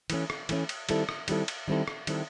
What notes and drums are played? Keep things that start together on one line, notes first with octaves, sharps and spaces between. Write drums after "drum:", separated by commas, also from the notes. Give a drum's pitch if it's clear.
E3 A3 C#4, drum: cymbal
drum: rim click
E3 A3 C#4, drum: cymbal
drum: cymbal
D#3 G3 C4 E4 A4, drum: cymbal
drum: rim click
D#3 G3 C4 E4 A4, drum: cymbal
drum: cymbal
D#3 G3 C4 E4 A4
drum: rim click
D#3 G3 C4 E4 A4, drum: cymbal